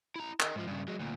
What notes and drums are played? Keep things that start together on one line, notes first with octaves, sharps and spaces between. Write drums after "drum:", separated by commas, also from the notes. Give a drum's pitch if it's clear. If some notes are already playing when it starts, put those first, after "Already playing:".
E4 A#5
A#4 D#5, drum: clap
G#2 F3
G2 C#3
F#3 G#3
D2 A#2